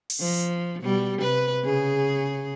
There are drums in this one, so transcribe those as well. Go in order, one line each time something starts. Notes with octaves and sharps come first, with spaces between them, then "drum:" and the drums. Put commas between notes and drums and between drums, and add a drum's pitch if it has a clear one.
drum: open hi-hat
F3
B2 G3
C3 B4
C#3 G#4